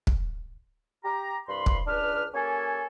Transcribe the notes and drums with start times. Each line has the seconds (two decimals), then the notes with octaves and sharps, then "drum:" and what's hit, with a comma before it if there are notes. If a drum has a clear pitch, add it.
0.07 drum: kick
1.04 G4 A#5
1.48 C2 G2 B5 C6
1.66 drum: kick
1.87 C#2 D4 B4 F6
2.34 A#3 C#4 G4 A4 G#5